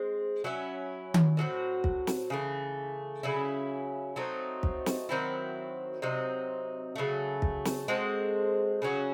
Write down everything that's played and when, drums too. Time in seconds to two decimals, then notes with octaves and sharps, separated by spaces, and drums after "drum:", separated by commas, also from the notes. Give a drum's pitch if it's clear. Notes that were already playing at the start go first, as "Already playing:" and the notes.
Already playing: G#3 C4
0.44 F#3 C#4 E4
1.14 drum: tom D#3
1.37 A2 F#3 C4 F#4
1.84 drum: kick
2.07 drum: snare
2.30 C#3 E3 A3
3.23 C#3 F#3 C#4 E4
4.16 F#3 A3 C4 D#4
4.63 drum: kick
4.86 drum: snare
5.09 D#3 F#3 C4 E4
6.02 C3 F#3 C4 D#4
6.96 C#3 F#3 A3
7.42 drum: kick
7.65 drum: snare
7.88 G#3 C4 F#4 A4
8.82 C#3 F#3 C#4 F#4